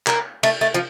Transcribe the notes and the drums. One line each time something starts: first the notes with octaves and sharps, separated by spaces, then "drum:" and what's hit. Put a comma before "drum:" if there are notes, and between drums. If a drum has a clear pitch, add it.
A#3, drum: clap
A3, drum: cymbal
A3
F3